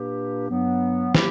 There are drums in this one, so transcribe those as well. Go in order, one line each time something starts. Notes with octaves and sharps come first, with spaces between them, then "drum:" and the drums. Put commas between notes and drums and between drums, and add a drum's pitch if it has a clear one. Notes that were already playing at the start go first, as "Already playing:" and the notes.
Already playing: A#2 A#3 D4 G4 B4
G2 F#3 B3
F#3 A#3 E4 G4, drum: snare